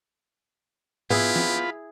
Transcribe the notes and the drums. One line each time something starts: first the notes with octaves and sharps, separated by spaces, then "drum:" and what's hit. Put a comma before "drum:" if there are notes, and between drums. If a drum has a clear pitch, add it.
B3 E4 F4 G4 G#4 B5, drum: tom G#2
drum: snare